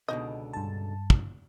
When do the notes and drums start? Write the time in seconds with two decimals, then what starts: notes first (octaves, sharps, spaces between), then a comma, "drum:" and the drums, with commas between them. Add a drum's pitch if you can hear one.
0.08 C#2 B2 D3 D#4 D#5
0.53 G2 A5
1.10 drum: kick